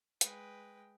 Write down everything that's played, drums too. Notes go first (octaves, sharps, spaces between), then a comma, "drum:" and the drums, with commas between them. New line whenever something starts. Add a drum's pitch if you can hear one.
G#3 B4 G5, drum: hi-hat